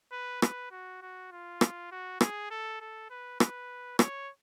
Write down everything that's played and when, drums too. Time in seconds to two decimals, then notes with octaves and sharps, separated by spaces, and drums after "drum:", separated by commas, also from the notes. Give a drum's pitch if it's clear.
0.12 B4
0.42 B4, drum: rim click
0.71 F#4
1.02 F#4
1.32 F4
1.61 drum: rim click
1.91 F#4
2.21 G#4, drum: rim click
2.50 A4
2.81 A4
3.10 B4
3.40 B4, drum: rim click
3.99 C#5, drum: rim click